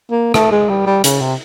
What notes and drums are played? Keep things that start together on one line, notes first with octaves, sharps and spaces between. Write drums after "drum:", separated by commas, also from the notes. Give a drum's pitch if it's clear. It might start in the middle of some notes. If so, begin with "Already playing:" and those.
A#3
A3, drum: rim click
G#3
G3
G3
C#3, drum: hi-hat
C3